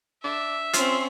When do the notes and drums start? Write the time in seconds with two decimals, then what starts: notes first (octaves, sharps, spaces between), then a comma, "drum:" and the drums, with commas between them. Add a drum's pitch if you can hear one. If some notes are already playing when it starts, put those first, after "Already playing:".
0.24 D4 E5
0.73 C4 C#4 F4 C6, drum: hi-hat